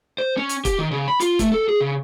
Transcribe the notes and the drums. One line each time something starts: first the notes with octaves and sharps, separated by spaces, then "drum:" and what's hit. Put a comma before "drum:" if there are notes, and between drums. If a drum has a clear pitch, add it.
C5
C#4
drum: hi-hat
G4, drum: kick, hi-hat
D#3
C#3
B5
F4, drum: hi-hat
A3, drum: kick, hi-hat
A4
G#4
C#3